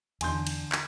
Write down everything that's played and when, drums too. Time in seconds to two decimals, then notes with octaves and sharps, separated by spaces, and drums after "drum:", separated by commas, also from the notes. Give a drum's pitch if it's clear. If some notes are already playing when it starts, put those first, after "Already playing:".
0.21 E2 D3 G#5 C6 G6, drum: cymbal
0.47 drum: cymbal
0.72 drum: clap